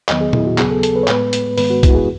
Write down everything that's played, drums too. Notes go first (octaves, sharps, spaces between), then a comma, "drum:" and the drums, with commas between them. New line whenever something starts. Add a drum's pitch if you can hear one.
E2 D#3 F#3 B3 D#5, drum: clap
G#4
E4, drum: tom A#2
F#4
D#2 C#3 F#3 B3 G#4, drum: clap
A4
A4, drum: hi-hat
B4
C#5
A2 G#3 B3 B4, drum: clap
drum: hi-hat
G#2 D#3 G#3 B3 B4, drum: open hi-hat
F#4
E4, drum: kick, hi-hat
F#4
G#4